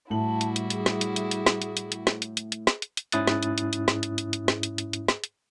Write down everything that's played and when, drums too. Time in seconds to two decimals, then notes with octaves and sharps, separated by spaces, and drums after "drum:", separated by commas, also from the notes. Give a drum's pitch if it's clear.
0.10 A2 G3 E4 F#4 A5 F#7
0.41 drum: hi-hat
0.56 drum: hi-hat
0.70 G#4, drum: hi-hat
0.86 drum: snare
1.01 drum: hi-hat
1.16 drum: hi-hat
1.31 drum: hi-hat
1.46 drum: snare
1.62 drum: hi-hat
1.77 drum: hi-hat
1.92 drum: hi-hat
2.07 drum: snare
2.22 drum: hi-hat
2.37 drum: hi-hat
2.52 drum: hi-hat
2.67 drum: snare
2.82 drum: hi-hat
2.97 drum: hi-hat
3.12 G#2 C#4 E4 D#6 F#6 A6, drum: hi-hat
3.27 drum: snare
3.43 drum: hi-hat
3.58 drum: hi-hat
3.73 drum: hi-hat
3.88 drum: snare
4.03 drum: hi-hat
4.18 drum: hi-hat
4.33 drum: hi-hat
4.48 drum: snare
4.63 drum: hi-hat
4.78 drum: hi-hat
4.93 drum: hi-hat
5.08 drum: snare
5.24 drum: hi-hat